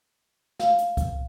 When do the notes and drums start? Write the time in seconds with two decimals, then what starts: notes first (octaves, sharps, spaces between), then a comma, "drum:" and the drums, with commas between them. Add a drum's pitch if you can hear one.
0.60 F5, drum: snare
0.78 drum: hi-hat
0.97 drum: kick C2, hi-hat